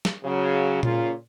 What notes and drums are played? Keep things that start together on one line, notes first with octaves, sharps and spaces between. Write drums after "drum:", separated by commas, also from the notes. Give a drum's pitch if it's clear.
drum: snare
C#3 F#3
A#2 C#3 C#4 F4, drum: tom A#2